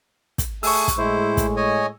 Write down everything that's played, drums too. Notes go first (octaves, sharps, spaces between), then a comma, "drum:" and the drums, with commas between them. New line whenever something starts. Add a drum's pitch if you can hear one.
drum: kick, hi-hat
A3 G#4 C#6 E6, drum: open hi-hat
drum: kick, hi-hat
A2 G#3 E4 C5
drum: kick, hi-hat
C#5 D#5 G#5